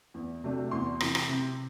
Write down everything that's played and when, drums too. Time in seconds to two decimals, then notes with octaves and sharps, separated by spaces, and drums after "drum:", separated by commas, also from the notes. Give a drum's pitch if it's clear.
0.14 E2
0.44 C3 F#3 A3 D4
0.71 E2 C6
1.00 C3 E3, drum: rim click
1.15 drum: rim click
1.29 C3